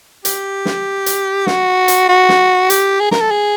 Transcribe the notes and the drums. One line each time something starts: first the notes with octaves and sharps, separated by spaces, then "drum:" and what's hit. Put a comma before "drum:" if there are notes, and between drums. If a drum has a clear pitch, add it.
G4, drum: hi-hat
drum: snare
drum: hi-hat
F#4, drum: snare
drum: hi-hat
F#4
drum: snare
G4, drum: hi-hat
G#4
A#4, drum: snare
A4
G#4